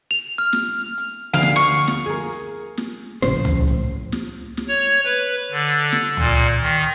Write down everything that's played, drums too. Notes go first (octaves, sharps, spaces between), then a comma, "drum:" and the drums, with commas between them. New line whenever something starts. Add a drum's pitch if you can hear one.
F7
F6
drum: snare
drum: hi-hat
D2 F5
drum: snare
C#6
drum: snare
G#4 A#4
drum: hi-hat
drum: snare
A#1 A2 C#3 C5, drum: snare
drum: tom C#2
drum: hi-hat
drum: snare
drum: snare
C#5
B4, drum: hi-hat
D3
drum: snare
A#2, drum: tom C#2
drum: hi-hat
D#3